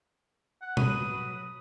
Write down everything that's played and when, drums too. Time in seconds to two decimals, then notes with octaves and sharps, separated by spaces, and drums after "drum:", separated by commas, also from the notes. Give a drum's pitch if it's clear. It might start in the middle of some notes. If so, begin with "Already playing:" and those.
0.62 F#5
0.77 F#3 B4 D#6, drum: tom